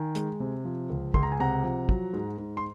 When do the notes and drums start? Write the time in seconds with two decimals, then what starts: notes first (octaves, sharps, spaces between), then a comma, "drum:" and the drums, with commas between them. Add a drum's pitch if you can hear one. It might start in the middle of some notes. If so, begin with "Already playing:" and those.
Already playing: D#3 G#5
0.15 G#3, drum: hi-hat
0.40 C3
0.65 F3
0.90 C#2
1.14 C#2 C6, drum: kick
1.23 A#5
1.32 G#5
1.40 C3 F#5 A#5
1.63 F3
1.89 F#3, drum: kick
2.13 G#2
2.38 G#2
2.57 C6